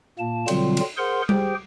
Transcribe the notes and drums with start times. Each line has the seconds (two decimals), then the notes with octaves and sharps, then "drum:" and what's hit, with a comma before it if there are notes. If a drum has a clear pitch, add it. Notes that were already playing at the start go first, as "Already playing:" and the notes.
0.19 A#2 A#3 A5
0.48 B2 D3 F#3 G3 C4 F4, drum: cymbal
0.77 drum: cymbal
0.97 G#4 A#4 C5 F#5 C6
1.29 G4 G#4 C5 G5, drum: tom G3